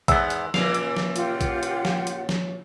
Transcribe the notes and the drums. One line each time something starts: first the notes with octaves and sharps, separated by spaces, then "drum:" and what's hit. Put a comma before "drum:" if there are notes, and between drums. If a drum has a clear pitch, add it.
E2 G#2 B3 E6, drum: kick A#1, hi-hat
drum: hi-hat
A#2 C#3 E3 F5, drum: snare F3
drum: hi-hat
drum: snare F3
F4 G4 F#5, drum: hi-hat
drum: kick A#1, hi-hat
drum: hi-hat
drum: snare F3
drum: hi-hat
drum: snare F3